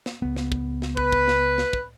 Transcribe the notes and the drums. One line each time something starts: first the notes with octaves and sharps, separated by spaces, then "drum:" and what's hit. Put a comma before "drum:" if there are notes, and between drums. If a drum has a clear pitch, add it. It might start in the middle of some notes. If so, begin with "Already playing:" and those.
drum: snare
C#2 B3
drum: snare
drum: kick
drum: snare
B4, drum: kick
drum: kick
drum: snare
drum: snare
drum: kick